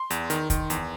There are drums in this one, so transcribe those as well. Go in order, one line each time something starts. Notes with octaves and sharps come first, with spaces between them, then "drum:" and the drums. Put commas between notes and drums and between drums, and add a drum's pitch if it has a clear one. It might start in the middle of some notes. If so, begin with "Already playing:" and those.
Already playing: C6
E2, drum: hi-hat
D#3, drum: hi-hat
D#3, drum: kick, hi-hat
E2, drum: hi-hat